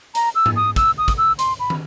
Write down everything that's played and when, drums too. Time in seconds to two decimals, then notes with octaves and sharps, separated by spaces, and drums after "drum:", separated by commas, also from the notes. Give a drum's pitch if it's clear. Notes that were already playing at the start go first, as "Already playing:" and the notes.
0.15 A#5, drum: hi-hat
0.35 E6
0.46 drum: tom G#2
0.56 D#6
0.76 E6, drum: kick, hi-hat
0.98 D#6
1.08 drum: kick, hi-hat
1.18 E6
1.39 C6, drum: hi-hat
1.60 B5
1.70 drum: tom